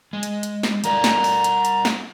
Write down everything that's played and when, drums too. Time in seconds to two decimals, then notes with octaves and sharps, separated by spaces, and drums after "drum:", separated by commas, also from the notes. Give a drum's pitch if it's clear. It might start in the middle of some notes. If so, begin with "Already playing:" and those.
0.13 G#3
0.23 drum: hi-hat
0.43 drum: hi-hat
0.63 drum: snare
0.84 G3 A#4 D5 A#5, drum: hi-hat
1.04 drum: snare
1.24 drum: open hi-hat
1.44 drum: hi-hat
1.65 drum: hi-hat
1.85 drum: snare